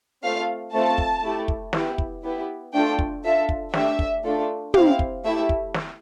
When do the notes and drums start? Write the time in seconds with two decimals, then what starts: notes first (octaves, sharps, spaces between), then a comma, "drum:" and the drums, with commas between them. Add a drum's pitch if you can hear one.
0.23 A3 C4 F4 F5
0.72 A3 C4 F4 A4 A5
0.98 drum: kick
1.23 A3 E4 G4
1.48 drum: kick
1.73 B3 E4 G4, drum: snare
1.98 drum: kick
2.23 B3 E4 G4
2.74 A3 D4 F4 A4 G5
2.99 drum: kick
3.24 D4 F4 A4 E5
3.49 drum: kick
3.74 A3 D4 G4 E5, drum: snare
3.99 drum: kick
4.24 A3 D4 F4 A4
4.74 C4 E4 G4 F5, drum: tom
4.99 drum: kick
5.24 A3 E4 G4 E5
5.49 drum: kick
5.74 drum: snare